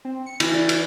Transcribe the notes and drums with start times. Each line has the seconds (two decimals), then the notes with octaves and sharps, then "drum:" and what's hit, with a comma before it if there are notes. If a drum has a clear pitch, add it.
0.05 C4
0.26 C#7
0.40 E3 E4, drum: cymbal
0.54 D5
0.69 B4, drum: cymbal